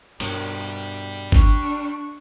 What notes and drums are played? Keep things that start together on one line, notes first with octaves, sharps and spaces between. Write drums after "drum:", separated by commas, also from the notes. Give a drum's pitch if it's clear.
G2 B2 G3, drum: cymbal
D4 C#6, drum: kick G1